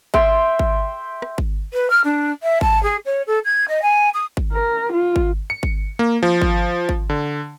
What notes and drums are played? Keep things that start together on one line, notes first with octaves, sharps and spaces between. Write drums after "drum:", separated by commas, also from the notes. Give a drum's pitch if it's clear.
E5 G5 C6, drum: kick G#1
drum: kick G#1
drum: rim click
drum: kick G#1
B4
F6
D4
E5
A5, drum: kick G#1
G#4
C#5
A4
G#6
D#5
G#5
D#6
drum: kick G#1
A#4
F4
drum: kick G#1
C#7
drum: kick G#1
A#3
F3
drum: kick G#1
drum: kick G#1
D3